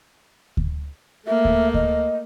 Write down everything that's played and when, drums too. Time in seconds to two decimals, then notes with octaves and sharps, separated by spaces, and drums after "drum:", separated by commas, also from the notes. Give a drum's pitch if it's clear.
0.57 drum: kick D2
1.27 A3 A#3 E5
1.45 drum: kick D2
1.74 D#5, drum: kick D2